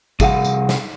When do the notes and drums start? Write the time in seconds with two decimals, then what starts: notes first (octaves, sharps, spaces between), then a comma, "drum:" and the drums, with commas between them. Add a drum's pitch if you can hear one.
0.20 C2 G#4 F5 F#5, drum: kick, tambourine
0.44 drum: tambourine
0.69 drum: snare